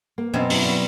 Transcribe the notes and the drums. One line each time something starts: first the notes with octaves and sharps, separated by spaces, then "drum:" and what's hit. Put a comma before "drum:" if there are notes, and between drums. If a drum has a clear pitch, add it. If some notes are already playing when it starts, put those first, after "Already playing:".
A#3
F#2 B2 C4
F#3 E4, drum: open hi-hat
G3